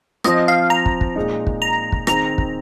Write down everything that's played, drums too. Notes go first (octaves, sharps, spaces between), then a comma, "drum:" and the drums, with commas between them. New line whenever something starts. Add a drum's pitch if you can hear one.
F3 C4 F4 D#5, drum: rim click
F5
A#5
drum: kick
drum: kick
A#2 G#3 D#4
drum: kick
A#5
drum: kick
D#3 C4 G#4 A#5, drum: rim click
drum: kick